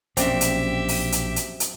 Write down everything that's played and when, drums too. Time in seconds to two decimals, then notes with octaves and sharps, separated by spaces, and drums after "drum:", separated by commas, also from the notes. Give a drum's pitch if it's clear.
0.17 A#1 F#2 B2 C4 G4 D5 E5 A#5, drum: hi-hat
0.41 drum: hi-hat
0.88 drum: open hi-hat
1.12 drum: hi-hat
1.36 drum: hi-hat
1.60 drum: hi-hat